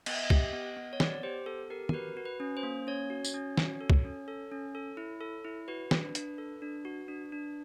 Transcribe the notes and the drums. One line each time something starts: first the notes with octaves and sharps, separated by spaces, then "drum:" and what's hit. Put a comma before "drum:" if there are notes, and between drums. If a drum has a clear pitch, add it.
B3 D#5, drum: cymbal
E5
D#5
G4, drum: kick
B3
B3
C#5
B3 D5, drum: snare
G4 C5
B3 A4
G4 A#4
A#4, drum: tom
F#4 B4
F#4
B4
C#4
C5
A#3
C#4 C#5
F#4
drum: tambourine
C#4
F#4, drum: snare
A4
drum: kick
C#4
A4
C#4
A4
E4
A4
E4
F#4 B4
D4, drum: snare
D4, drum: hi-hat
A4
D4
F#4
D4
D4